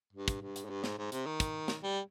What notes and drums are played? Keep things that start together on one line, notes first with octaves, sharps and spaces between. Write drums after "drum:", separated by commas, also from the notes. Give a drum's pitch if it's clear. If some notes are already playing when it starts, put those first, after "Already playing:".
G2
drum: kick, hi-hat
G2
drum: hi-hat
G#2
G2
G#2, drum: snare
G#2
C3, drum: hi-hat
D#3
drum: kick, hi-hat
drum: snare
G3